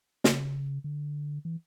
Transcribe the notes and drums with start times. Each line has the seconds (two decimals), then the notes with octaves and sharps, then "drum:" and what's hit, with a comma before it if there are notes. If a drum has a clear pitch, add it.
0.24 C#3, drum: snare
0.84 D3
1.45 E3